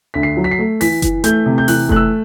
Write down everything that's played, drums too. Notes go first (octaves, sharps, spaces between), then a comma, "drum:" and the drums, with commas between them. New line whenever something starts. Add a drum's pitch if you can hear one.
D2 B6
C7
F#3
B6
C7
A3
E3 B6, drum: open hi-hat
E3, drum: kick F#1, hi-hat
A3 G6, drum: hi-hat
C3
G6
E3 F#6, drum: open hi-hat
A3 F#6, drum: kick F#1
E6